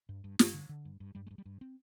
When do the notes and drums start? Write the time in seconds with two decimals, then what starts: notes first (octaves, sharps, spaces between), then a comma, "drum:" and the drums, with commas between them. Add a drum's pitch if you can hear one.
0.09 G2
0.24 G2
0.39 G2, drum: snare
0.54 D3
0.69 D3
0.85 G2
1.00 G2
1.15 G2 G3
1.27 G#3
1.31 G2
1.38 G3
1.46 G2
1.61 C4